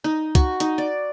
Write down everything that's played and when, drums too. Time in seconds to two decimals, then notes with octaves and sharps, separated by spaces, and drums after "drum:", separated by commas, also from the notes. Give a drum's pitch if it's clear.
0.04 D#4
0.35 F#4, drum: kick, hi-hat
0.60 D#4, drum: hi-hat
0.78 D5